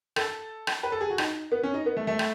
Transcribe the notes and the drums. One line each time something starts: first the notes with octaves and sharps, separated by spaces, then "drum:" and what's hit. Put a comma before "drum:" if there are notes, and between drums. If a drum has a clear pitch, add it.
A4, drum: rim click
drum: rim click
B4
A4
G#4
F#4
D#4, drum: rim click
B3
C#4
D#4
B3
A3
A3
drum: rim click